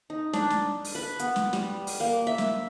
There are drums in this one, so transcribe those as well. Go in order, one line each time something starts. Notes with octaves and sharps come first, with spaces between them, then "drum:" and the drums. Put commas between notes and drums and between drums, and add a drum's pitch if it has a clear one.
D#4
D4, drum: snare
drum: snare
drum: open hi-hat
B4
B3, drum: hi-hat
drum: snare
G3, drum: snare
drum: open hi-hat
A#3
E5
drum: snare